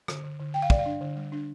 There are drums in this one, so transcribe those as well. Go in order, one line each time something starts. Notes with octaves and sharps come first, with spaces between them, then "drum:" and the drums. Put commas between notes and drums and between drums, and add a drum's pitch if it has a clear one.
D3, drum: rim click
D3
D3
D3 G5
F5
G3 D5, drum: kick
F5
D4
D3
G3
D4